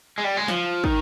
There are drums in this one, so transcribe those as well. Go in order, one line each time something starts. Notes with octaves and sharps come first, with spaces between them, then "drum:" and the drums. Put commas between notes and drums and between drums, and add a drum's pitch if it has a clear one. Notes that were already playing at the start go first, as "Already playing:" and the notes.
G#3
G3
G#3
F3, drum: snare
D#3, drum: kick